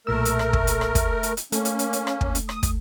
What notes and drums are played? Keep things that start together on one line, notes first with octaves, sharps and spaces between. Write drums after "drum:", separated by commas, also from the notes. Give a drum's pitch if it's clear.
B1 A#2 A3 A#4 E6
drum: hi-hat
drum: rim click
drum: kick
drum: hi-hat
drum: rim click
drum: kick, hi-hat
drum: hi-hat
drum: hi-hat
A3 A#3 C#4, drum: hi-hat
drum: hi-hat
drum: hi-hat
drum: hi-hat
drum: rim click
drum: kick
drum: hi-hat
D#6, drum: rim click
drum: kick, hi-hat